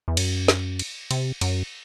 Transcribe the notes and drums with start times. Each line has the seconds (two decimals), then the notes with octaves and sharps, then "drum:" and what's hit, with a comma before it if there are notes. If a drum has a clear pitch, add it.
0.08 E2
0.17 F#2, drum: cymbal
0.48 drum: snare
0.79 drum: cymbal
1.11 C3, drum: cymbal
1.41 F#2, drum: cymbal